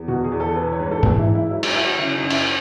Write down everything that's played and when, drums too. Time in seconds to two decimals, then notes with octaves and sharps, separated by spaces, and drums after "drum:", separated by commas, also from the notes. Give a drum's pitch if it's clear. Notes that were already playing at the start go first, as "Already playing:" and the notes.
Already playing: E2
0.08 B2 F#4
0.24 G#4
0.32 E2
0.40 A4
0.56 E3 B4
0.72 C#5
0.80 G#2 B4
0.91 A4
1.03 E3, drum: tom G#2
1.19 E4
1.27 G#2
1.35 E4
1.51 F#3 E4
1.63 D#4, drum: cymbal
1.75 F#3 E4
1.86 F#4
1.98 C#3 E4
2.14 D#4
2.22 F#2
2.30 E4, drum: cymbal